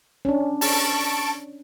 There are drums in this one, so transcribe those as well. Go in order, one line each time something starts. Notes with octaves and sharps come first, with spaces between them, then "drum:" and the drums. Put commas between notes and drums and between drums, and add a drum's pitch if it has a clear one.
C#4 D4
A5 C#6 D7, drum: open hi-hat